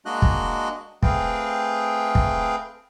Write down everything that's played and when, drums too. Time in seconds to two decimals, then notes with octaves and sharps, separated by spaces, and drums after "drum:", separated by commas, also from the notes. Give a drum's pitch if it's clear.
0.06 G#3 A#3 D4 F#4 D#5 F#6
0.22 drum: kick
1.03 A3 C4 G#4 B4 F5 G5, drum: kick
2.15 drum: kick